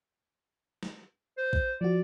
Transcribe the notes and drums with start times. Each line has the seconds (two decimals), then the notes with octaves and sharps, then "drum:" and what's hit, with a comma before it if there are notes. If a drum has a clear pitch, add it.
0.83 drum: snare
1.37 C5
1.53 drum: kick
1.81 F3 F#4 D5